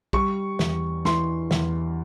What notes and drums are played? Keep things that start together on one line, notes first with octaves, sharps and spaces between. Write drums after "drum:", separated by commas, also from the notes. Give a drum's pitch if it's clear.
G3 C#6, drum: kick
E2, drum: snare
E3 C6, drum: snare
E2, drum: snare